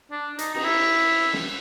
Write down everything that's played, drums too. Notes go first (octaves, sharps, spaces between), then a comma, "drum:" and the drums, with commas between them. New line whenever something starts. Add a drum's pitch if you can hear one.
D4
D#4, drum: hi-hat
D#4, drum: cymbal
E4
drum: snare